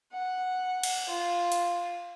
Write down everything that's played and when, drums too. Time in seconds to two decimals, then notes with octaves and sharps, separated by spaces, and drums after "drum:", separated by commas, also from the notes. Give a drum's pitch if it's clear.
0.13 F#5
0.83 drum: cymbal
1.10 F4
1.52 drum: hi-hat